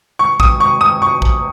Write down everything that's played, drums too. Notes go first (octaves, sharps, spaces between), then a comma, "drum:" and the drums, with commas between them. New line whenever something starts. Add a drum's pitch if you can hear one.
C#6
D#6, drum: kick
C#6
D#6
C#6
drum: kick